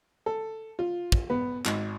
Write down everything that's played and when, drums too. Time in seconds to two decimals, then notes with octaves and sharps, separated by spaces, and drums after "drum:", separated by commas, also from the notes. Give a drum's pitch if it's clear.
0.26 A4
0.79 F4
1.12 drum: kick
1.30 B3
1.65 G#1, drum: clap